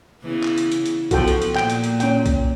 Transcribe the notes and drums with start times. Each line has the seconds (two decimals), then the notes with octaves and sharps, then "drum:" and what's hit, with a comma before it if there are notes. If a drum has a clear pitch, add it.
0.23 C#3 E3 B3
0.44 drum: clap
0.58 drum: hi-hat
0.72 drum: hi-hat
0.86 drum: hi-hat
1.11 C#3 F3 B3 F#4 A4 G5, drum: kick B1, hi-hat
1.28 drum: hi-hat
1.42 drum: hi-hat
1.56 A#2 G5, drum: clap
1.70 drum: hi-hat
1.84 drum: hi-hat
2.00 C#4 G5, drum: hi-hat
2.26 drum: kick B1, hi-hat